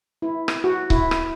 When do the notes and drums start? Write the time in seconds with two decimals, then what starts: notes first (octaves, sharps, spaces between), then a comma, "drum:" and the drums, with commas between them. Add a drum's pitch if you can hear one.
0.22 E4
0.48 drum: rim click
0.64 F#4
0.90 E4, drum: kick C#1
1.11 drum: rim click